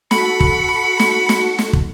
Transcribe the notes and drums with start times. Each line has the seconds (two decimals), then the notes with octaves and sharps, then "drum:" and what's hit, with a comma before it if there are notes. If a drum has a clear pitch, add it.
0.11 F#4 A4 B5 C#7, drum: snare
0.40 drum: kick
0.99 drum: snare
1.29 drum: snare
1.59 drum: snare
1.73 drum: kick